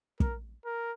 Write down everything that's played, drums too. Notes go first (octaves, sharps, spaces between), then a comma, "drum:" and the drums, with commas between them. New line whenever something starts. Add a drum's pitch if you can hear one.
A#4, drum: kick
A#4